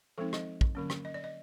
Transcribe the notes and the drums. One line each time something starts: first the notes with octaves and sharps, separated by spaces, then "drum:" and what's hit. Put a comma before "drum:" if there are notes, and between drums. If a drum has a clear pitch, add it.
F3 G#3 C4 D#4 A4
D#5, drum: rim click
drum: kick
D3 F#3 A#3 C#4
drum: rim click
D#5
D5
D#5